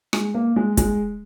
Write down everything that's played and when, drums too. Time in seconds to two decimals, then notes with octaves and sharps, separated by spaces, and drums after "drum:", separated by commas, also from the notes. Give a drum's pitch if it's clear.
0.13 G#3, drum: rim click
0.34 A#3
0.56 G#3
0.77 G#3, drum: kick, hi-hat